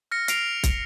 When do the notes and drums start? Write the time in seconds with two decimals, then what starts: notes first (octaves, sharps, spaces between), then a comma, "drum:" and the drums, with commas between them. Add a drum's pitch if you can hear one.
0.11 F6 A#6 C#7
0.28 F6 C7 D7 F7, drum: hi-hat
0.63 drum: kick, hi-hat